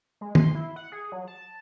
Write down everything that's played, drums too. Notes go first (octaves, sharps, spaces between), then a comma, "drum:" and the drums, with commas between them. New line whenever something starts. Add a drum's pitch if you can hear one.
G#3
C6, drum: tom
E4
F#5
G#4
F#3
A5